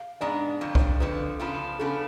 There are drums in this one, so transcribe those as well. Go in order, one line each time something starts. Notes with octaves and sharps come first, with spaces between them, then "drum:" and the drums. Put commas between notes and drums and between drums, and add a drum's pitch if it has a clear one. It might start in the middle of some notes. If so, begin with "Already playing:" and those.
Already playing: F5
G#2 G#3 B3 D4 D5
F2 D3 F3
drum: kick C2
F2 D3 F3 B4
C#3 F3 B3 D4 F4
C#3 F3 B3 D4 F4 A4